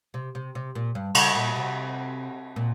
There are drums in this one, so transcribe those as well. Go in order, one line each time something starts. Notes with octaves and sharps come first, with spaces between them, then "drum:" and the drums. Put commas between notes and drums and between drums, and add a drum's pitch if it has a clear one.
C3
C3
C3
A#2
G2
C#3, drum: cymbal
A#2
C3
A#2